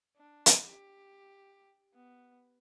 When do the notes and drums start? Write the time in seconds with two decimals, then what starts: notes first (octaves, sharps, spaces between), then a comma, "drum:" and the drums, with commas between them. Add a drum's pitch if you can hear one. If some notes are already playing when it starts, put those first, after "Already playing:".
0.16 D4
0.46 drum: hi-hat
0.66 G4
1.94 B3